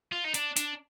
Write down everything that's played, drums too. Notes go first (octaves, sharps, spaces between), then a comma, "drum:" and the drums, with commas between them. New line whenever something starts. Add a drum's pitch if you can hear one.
F4
D#4
D4, drum: hi-hat
D4, drum: hi-hat